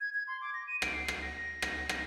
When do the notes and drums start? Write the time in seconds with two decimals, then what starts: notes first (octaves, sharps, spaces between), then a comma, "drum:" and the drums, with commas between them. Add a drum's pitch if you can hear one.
0.01 G#6
0.14 G#6
0.27 C6
0.41 D6
0.54 A#6
0.67 D#7
0.82 D7, drum: rim click
0.94 C7
1.08 drum: rim click
1.22 A#6
1.62 drum: rim click
1.89 drum: rim click